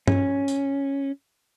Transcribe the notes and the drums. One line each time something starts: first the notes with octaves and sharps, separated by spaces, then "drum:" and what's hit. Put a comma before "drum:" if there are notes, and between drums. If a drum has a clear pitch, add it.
C#4, drum: tom G2
drum: tambourine